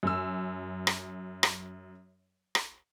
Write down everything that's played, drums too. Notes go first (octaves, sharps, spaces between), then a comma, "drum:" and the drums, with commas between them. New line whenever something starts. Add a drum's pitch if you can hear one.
F#2 E6
drum: rim click
drum: rim click
drum: rim click